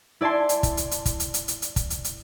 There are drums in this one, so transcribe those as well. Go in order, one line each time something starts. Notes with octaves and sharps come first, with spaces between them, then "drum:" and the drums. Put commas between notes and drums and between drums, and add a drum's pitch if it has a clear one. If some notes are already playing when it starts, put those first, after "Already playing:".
E4 D5 G#5 A5 C6
drum: hi-hat
drum: kick, hi-hat
drum: hi-hat
drum: hi-hat
drum: kick, hi-hat
drum: hi-hat
drum: hi-hat
drum: hi-hat
drum: hi-hat
drum: kick, hi-hat
drum: hi-hat
drum: hi-hat